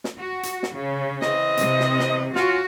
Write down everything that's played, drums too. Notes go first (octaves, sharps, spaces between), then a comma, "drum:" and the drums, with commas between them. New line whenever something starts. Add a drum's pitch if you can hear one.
drum: snare
F#4
drum: hi-hat
drum: snare
C#3
E3 C4 D#5, drum: snare
C3, drum: hi-hat
drum: snare
drum: snare
C#4 F4 F#4, drum: snare